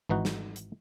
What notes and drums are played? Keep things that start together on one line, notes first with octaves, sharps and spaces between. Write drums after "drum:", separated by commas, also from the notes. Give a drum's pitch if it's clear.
G#1 E3 D#4 F#4
drum: snare
drum: hi-hat